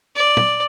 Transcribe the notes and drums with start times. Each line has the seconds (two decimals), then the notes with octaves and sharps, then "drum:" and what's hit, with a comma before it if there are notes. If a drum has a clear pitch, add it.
0.16 D5
0.37 drum: tom